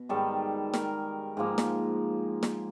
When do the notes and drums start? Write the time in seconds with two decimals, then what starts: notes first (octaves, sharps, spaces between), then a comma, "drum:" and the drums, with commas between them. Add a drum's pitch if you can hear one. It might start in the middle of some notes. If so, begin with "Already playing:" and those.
Already playing: B2
0.09 G#2 D#3 G3 A4
0.74 A#4, drum: snare
1.37 G#2 F3 A#3
1.58 drum: snare
2.43 drum: snare